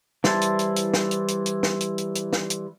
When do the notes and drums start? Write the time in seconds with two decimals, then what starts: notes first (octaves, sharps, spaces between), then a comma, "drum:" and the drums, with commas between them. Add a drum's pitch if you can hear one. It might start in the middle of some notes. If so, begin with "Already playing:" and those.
0.24 E3 G3 E4 C5 A5, drum: snare
0.41 drum: hi-hat
0.59 drum: hi-hat
0.76 drum: hi-hat
0.94 drum: snare
1.11 drum: hi-hat
1.28 drum: hi-hat
1.46 drum: hi-hat
1.63 drum: snare
1.80 drum: hi-hat
1.98 drum: hi-hat
2.15 drum: hi-hat
2.33 drum: snare
2.50 drum: hi-hat